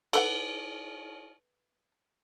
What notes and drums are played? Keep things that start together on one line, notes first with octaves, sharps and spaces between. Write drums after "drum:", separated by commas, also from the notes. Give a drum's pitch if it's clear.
A4 B4 F#5, drum: cymbal